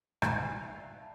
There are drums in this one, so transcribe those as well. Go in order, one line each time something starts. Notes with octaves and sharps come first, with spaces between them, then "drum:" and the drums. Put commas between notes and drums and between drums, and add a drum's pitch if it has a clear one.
C5 C#6, drum: rim click
A6 C7 D#7
D#4 E5 E6 F7
D5 E5 F5 G5 F#6
E5 A5 B5